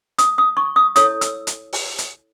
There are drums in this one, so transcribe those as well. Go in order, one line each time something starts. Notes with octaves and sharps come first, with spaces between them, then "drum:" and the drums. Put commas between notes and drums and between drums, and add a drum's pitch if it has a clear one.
D#6, drum: hi-hat
D#6
C#6
D#6
E4 A4 C#5 D#6, drum: hi-hat
E6, drum: hi-hat
drum: hi-hat
drum: open hi-hat
drum: hi-hat